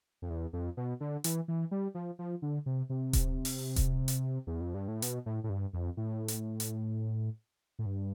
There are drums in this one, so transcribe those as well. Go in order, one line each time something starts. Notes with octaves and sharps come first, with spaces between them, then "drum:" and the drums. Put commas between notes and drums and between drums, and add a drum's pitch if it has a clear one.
F2
E2
F2
B2
D3
E3, drum: hi-hat
E3
G3
F3
F3
D3
C3
C3
drum: kick D#1, hi-hat
drum: open hi-hat
drum: kick D#1, hi-hat
drum: hi-hat
E2
F2
G2
A2
B2, drum: hi-hat
A2
A2
G2
F2
A2
drum: hi-hat
drum: hi-hat
A2
G2